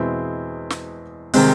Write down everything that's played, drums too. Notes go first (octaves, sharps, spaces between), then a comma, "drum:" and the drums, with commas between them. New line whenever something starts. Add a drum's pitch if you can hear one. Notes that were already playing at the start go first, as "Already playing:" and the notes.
Already playing: E2 B2 G#3 C4 E4
drum: snare
C3 D#3 G#3 C4, drum: open hi-hat